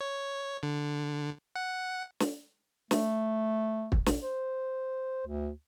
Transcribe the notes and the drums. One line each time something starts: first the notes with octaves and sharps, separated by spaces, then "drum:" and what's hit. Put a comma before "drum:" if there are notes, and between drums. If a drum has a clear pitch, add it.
C#5
D3
F#5
drum: snare
A3, drum: snare
drum: kick
drum: snare
C5
D2